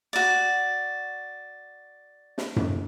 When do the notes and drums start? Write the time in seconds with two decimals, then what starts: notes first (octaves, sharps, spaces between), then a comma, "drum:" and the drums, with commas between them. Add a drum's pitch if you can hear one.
0.13 F#4 D5
2.38 drum: snare
2.56 drum: tom F#2